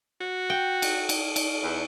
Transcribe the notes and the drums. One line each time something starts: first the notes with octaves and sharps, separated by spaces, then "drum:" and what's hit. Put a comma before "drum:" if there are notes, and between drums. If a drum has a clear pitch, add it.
F#4
G5
drum: cymbal
drum: cymbal
drum: cymbal
E2